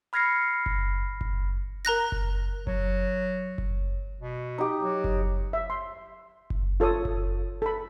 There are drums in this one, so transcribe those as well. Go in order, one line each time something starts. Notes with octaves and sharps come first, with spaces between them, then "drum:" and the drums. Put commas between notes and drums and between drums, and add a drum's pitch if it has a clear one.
B5 F6 G#6 A#6 C7 C#7
drum: kick F#1
drum: kick F#1
A#4 A#5 F#6 A#6
drum: kick F#1
F#3, drum: kick F#1
drum: kick F#1
B2
D#4 G4
F#3
drum: kick F#1
E5
C6
drum: kick F#1
F4 A4 C#5 D#6
drum: kick F#1
A4 B5